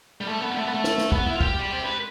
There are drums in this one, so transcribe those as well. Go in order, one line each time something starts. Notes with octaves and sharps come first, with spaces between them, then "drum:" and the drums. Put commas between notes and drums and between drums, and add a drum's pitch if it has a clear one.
G3
A3
B3
G3
A3
B3
A3
drum: snare
drum: snare
B3, drum: kick
E4
F4
G4, drum: kick
D5
C5
B4